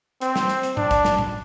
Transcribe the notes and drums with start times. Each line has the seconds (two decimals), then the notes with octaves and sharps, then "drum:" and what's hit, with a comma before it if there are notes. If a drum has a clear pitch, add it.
0.21 C4, drum: hi-hat
0.36 drum: snare
0.49 drum: hi-hat
0.63 drum: hi-hat
0.77 D4, drum: tom G#2
0.91 drum: kick, hi-hat
1.05 drum: snare
1.18 drum: tom A2